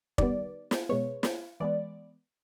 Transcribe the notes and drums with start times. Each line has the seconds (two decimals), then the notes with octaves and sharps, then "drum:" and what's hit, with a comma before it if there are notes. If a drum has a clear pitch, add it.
0.18 D#3 G3 B3 D5, drum: kick
0.71 drum: snare
0.89 B2 G#3 B3 C#5
1.23 drum: snare
1.60 E3 G#3 B3 D5